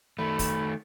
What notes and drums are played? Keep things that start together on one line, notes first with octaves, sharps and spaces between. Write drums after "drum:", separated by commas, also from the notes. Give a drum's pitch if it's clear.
D#3 A3 B5
drum: kick, open hi-hat